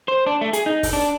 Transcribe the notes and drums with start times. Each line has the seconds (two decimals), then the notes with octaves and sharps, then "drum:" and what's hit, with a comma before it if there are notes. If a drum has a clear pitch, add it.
0.08 C5
0.27 D4
0.41 A3
0.53 G#4, drum: hi-hat
0.66 D#4
0.83 drum: kick, open hi-hat
0.93 D4